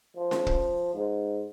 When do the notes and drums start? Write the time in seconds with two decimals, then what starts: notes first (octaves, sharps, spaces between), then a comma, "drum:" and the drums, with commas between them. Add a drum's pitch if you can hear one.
0.16 F3
0.31 drum: snare C#4
0.47 drum: kick
0.94 G#2